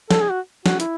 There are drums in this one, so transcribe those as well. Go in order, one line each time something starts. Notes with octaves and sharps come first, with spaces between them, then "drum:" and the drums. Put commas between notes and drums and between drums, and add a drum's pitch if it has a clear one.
A4, drum: snare
G#4
F#4
F#4, drum: snare
E4, drum: hi-hat